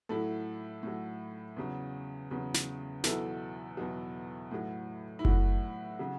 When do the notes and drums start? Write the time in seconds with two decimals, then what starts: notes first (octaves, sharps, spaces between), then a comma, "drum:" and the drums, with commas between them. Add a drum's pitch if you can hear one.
0.09 A2 F#3 E4 A4
0.83 A2 F#3
1.57 E2 C#3 F#3
2.31 E2 C#3 F#3
2.54 drum: snare
3.04 E2 B2 F#3 E4 A4, drum: snare
3.77 E2 B2 F#3
4.51 A2 F#3
5.19 E4
5.25 A2 F#3 F#4, drum: kick F#1
5.99 C#3 F#3